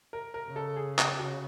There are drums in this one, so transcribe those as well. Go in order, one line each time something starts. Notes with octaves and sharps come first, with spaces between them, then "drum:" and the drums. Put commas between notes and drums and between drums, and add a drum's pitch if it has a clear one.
A#4
A#4
C#3
A4
G#4
G4, drum: clap
F#4